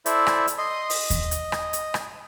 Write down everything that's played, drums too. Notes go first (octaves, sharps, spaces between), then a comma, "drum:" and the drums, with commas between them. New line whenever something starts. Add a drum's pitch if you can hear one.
E4 A4 C5 D5 E5, drum: hi-hat
drum: rim click
drum: hi-hat
D#5 C6 D#6
D#5, drum: open hi-hat
drum: kick D#2, hi-hat
drum: hi-hat
drum: rim click
drum: hi-hat
drum: rim click